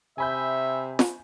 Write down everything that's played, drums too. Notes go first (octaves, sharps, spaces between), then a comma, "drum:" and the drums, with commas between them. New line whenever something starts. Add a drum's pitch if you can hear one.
C3 E5 G#5 B5 G6
drum: snare